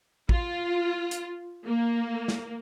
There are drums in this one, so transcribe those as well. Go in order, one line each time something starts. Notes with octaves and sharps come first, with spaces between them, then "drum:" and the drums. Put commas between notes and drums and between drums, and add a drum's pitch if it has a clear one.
F4, drum: kick
drum: hi-hat
A#3
drum: snare